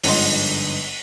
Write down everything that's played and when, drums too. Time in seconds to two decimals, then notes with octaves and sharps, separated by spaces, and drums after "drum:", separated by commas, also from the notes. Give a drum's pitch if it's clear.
0.04 G1 G#2 D3 F3 D#5 C6, drum: open hi-hat